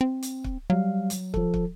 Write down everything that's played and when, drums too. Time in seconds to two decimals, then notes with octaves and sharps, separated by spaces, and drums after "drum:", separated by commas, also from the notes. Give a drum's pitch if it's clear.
0.01 C4
0.23 drum: hi-hat
0.44 drum: kick
0.70 F#3 G3 F5
1.10 drum: hi-hat
1.34 F3 A4, drum: kick
1.54 drum: kick